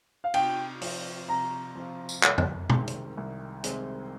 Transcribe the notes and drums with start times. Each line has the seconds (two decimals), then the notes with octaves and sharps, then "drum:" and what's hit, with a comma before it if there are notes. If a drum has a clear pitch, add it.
0.24 F5
0.34 C3 G5, drum: cymbal
0.82 F3 C4 F4, drum: open hi-hat
1.29 C3 A#5
1.75 F3 C4 F4
2.09 drum: tambourine
2.23 C2, drum: clap
2.38 drum: tom F2
2.70 C3 D#3 G#3 C4, drum: tom
2.88 drum: hi-hat
3.17 C2
3.64 C3 D#3 G#3 C4, drum: hi-hat